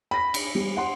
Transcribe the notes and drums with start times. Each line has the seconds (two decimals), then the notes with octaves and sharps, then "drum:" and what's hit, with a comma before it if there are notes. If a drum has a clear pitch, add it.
0.11 B5 A#6 B6
0.34 drum: cymbal
0.55 G3
0.77 F#5 C6